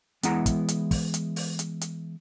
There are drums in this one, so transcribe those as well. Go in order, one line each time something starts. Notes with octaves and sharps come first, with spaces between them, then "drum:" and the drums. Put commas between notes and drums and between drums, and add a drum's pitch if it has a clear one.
E3 G#3 B3 E4 F#5 A#5, drum: hi-hat
drum: kick, hi-hat
drum: hi-hat
drum: kick, open hi-hat
drum: hi-hat
drum: open hi-hat
drum: hi-hat
drum: hi-hat